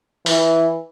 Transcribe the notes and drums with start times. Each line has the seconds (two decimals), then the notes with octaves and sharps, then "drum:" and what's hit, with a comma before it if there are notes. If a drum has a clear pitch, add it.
0.26 E3, drum: open hi-hat